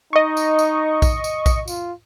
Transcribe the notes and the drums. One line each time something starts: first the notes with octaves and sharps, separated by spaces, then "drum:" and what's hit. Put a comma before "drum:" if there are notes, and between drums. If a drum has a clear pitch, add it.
D#4 D#5 C#6
drum: tambourine
drum: tambourine
drum: kick A#1, tambourine
drum: tambourine
drum: kick A#1, tambourine
F4, drum: tambourine